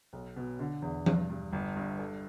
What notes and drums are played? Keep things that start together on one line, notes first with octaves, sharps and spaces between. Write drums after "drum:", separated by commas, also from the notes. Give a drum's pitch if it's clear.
B1
B2
D3
E2
G2, drum: tom F3
G2
G1
G2
A4